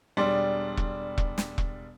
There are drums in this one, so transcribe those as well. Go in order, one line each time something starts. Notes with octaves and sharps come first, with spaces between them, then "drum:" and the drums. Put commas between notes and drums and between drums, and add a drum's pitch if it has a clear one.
E1 G3 D4 C6
drum: kick E1
drum: kick E1
drum: snare
drum: kick E1